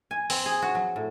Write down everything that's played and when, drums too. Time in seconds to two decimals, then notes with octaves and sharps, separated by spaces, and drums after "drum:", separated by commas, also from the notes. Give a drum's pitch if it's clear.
0.11 G#5
0.30 C4, drum: open hi-hat
0.46 G#4
0.62 F#4
0.75 F#3
0.96 A2